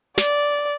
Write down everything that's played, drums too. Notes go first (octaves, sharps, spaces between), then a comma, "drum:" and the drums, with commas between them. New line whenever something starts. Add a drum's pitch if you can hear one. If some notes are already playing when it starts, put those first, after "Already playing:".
D5, drum: snare